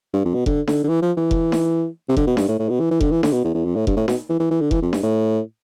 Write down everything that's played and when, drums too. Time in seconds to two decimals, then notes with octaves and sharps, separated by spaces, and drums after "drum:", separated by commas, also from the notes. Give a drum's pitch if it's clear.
0.13 G2
0.25 F2
0.35 B2
0.46 D3, drum: kick F1
0.67 D3, drum: snare D#4
0.84 D3
0.88 E3
1.02 F3
1.17 E3
1.31 drum: kick F1
1.52 drum: snare D#4
2.09 C3
2.17 D3, drum: kick F1
2.27 B2
2.37 G2, drum: snare D#4
2.48 A2
2.59 A2
2.70 B2
2.80 E3
2.91 E3
3.01 D3, drum: kick F1
3.11 E3
3.23 D3, drum: snare D#4
3.33 B2
3.44 E2
3.54 E2
3.65 F2
3.76 A2
3.87 G2, drum: kick F1
3.96 A2
4.08 B2, drum: snare D#4
4.29 E3
4.40 E3
4.51 E3
4.61 D3
4.71 E3, drum: kick F1
4.82 F2
4.93 G2, drum: snare D#4
5.03 A2